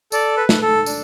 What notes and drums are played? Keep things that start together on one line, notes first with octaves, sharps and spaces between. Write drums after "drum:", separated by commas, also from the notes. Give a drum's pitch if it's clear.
A4 D5, drum: tambourine
B4
A4, drum: snare
A4
D4, drum: tambourine